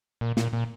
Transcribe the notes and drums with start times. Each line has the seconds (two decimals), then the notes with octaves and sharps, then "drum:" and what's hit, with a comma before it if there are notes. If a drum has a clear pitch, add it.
0.21 A#2
0.37 A#2, drum: snare
0.53 A#2